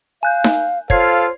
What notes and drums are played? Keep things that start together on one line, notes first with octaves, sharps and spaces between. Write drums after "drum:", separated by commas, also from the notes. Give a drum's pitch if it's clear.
F5 G#5 F#6 G6
drum: snare D#4
F4 A4 C5 C#5 F5 G#6 C7, drum: kick